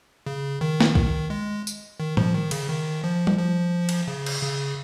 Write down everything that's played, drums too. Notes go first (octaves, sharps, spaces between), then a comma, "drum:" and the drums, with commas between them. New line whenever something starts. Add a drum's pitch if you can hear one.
C#3
D#3
drum: snare
D#3, drum: kick
G#3
drum: tambourine
D#3
F3, drum: tom A2
D#3
C#3, drum: cymbal
D#3
F3
drum: tom G3
F3
drum: cymbal
C#3
drum: cymbal
C#3